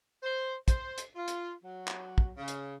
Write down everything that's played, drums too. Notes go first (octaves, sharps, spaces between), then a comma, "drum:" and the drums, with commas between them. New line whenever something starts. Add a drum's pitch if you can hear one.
C5
C5, drum: kick, hi-hat
drum: hi-hat
F4
drum: hi-hat
F#3
drum: clap
drum: kick
C#3
drum: hi-hat